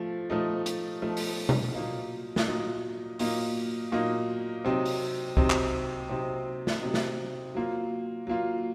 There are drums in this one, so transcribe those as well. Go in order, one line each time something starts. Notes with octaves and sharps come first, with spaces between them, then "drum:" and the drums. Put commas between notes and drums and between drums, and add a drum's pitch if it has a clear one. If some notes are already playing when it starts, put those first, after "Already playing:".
Already playing: F3 A3
F3 A3 D#4
drum: hi-hat
F3 A3 D#4
drum: open hi-hat
drum: tom B2
A#2 F#3 A#3 D#4
drum: snare
A#2 F#3 A#3 D#4
A#2 F#3 A#3 D#4, drum: open hi-hat
A#2 F#3 A#3 D#4
C3 F#3 C4 D#4
drum: open hi-hat
C3 F#3 C4 D#4, drum: kick
drum: clap
C3 F#3 C4 D#4
drum: snare
C3 F#3 C4 D#4
drum: snare
F#3 A#3 F4
F#3 A#3 F4